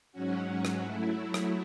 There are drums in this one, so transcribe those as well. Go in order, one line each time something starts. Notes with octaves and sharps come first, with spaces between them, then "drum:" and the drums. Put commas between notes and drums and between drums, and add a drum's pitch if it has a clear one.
G#2 F#3 C#4 F#4
drum: rim click
F#3 A3 E4
drum: rim click